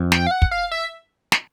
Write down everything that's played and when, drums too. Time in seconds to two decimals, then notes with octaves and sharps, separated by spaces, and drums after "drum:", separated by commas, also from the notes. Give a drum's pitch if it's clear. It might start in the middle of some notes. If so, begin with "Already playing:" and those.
Already playing: F2
0.12 G5, drum: snare
0.27 F5
0.31 F#5
0.42 drum: kick
0.51 F5
0.71 E5
1.32 drum: snare